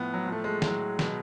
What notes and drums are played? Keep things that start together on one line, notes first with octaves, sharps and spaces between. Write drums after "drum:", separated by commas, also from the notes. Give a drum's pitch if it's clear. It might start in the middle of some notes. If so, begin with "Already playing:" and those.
Already playing: A2 F3 B3
F#3
A2 F3
A3
G#3
A2 F#3 G#3, drum: snare
B2 F#3, drum: snare